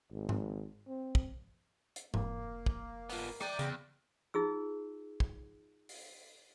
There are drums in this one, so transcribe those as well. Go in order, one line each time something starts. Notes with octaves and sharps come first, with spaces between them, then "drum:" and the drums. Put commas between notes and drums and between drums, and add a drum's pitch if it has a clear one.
G#1
drum: tom G#2
C4
drum: kick
drum: hi-hat
F1 A#3, drum: tom G#2
drum: kick
B3 F4, drum: open hi-hat
D5 E5 G5 A#5, drum: rim click
E2 C#3, drum: hi-hat
D#4 F4 G#4 E6
drum: kick
drum: open hi-hat